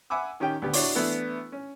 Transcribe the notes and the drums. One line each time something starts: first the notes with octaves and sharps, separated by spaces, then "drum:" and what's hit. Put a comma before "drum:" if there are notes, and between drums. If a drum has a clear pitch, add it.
E5 F#5 G#5 B5 D6 E6
D#3 C#4 G4 G5
D2 B3 G4
D4 E4 F#4 C#5 D5 C#6, drum: open hi-hat
E3 A3 B3 D4 E4
C#4